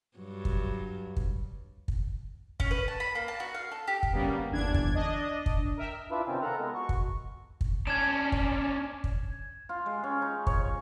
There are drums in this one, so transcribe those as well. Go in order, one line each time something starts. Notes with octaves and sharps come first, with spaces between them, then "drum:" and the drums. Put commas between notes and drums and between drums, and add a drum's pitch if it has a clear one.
G2 F#3
drum: kick
drum: kick
drum: kick
C#4, drum: kick
B4
A5
B5
A#3
A5
F#4
F5
A4
G4
drum: kick
C#3 G3 A#3 B3
G1 E2 E3 D4 G#6
drum: kick
D4 D#5
drum: kick
A#4 E5 G5
D4 E4 F4 B4 E5
C3 D#3 C4 C#4 F4
A4 A#4 F#5 A#5
G#3 B3
F#4 C#6
drum: kick
drum: kick
C#4 D4 G#6 E7
drum: kick
drum: kick
F4
G#3
C#4
D#4
C#5, drum: kick